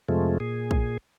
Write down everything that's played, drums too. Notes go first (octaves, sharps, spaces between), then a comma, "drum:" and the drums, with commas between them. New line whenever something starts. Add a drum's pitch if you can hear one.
F2 C3 F3 G#3 A3
A#2 G#4
drum: kick